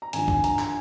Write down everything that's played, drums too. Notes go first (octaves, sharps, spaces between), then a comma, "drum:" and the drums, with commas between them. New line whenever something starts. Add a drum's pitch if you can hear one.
A#5
G#1 G2 F3 G#5, drum: hi-hat
G#5, drum: kick
A#5, drum: hi-hat
G#5, drum: clap